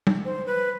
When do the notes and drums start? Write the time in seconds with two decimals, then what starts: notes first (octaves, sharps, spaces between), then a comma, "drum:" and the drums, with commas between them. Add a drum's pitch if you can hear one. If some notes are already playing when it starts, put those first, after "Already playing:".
0.07 drum: tom
0.25 C5
0.46 B4